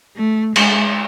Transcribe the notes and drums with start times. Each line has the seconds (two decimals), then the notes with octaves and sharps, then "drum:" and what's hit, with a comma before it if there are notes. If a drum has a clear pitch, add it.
0.16 A3
0.56 G#3, drum: cymbal